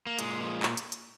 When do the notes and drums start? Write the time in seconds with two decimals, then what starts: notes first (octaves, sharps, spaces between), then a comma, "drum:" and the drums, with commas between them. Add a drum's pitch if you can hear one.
0.07 A#3
0.19 A#2 G#3, drum: hi-hat
0.41 F3
0.63 drum: clap
0.77 drum: hi-hat
0.92 drum: hi-hat